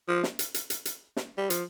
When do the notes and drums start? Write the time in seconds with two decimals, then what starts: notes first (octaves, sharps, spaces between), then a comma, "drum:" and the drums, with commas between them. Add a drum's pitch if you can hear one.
0.08 F3
0.23 drum: snare
0.39 drum: hi-hat
0.54 drum: hi-hat
0.70 drum: hi-hat
0.85 drum: hi-hat
1.17 drum: snare
1.38 G3
1.50 F3, drum: hi-hat